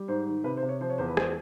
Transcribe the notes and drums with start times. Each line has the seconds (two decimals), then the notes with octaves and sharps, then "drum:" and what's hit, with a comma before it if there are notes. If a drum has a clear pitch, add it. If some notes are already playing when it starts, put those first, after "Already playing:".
Already playing: G3
0.08 G#2 C5
0.27 D#3
0.44 C3 B4
0.57 C5
0.62 C3
0.69 C#5
0.80 F3 C5
0.90 C#5
0.98 E2 C5
1.08 B4
1.17 C5, drum: rim click